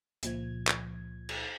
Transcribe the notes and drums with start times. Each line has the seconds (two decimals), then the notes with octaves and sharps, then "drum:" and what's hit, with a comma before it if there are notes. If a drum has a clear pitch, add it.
0.23 C#2 A#2 F3 G#6, drum: hi-hat
0.67 drum: clap
1.29 drum: cymbal